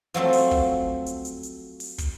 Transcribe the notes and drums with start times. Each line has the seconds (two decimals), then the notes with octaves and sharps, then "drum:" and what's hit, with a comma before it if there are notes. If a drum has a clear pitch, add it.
0.14 F3 F#3 A3 C4
0.33 drum: open hi-hat
0.51 drum: kick
1.06 drum: hi-hat
1.25 drum: hi-hat
1.43 drum: hi-hat
1.80 drum: open hi-hat
1.98 drum: kick, hi-hat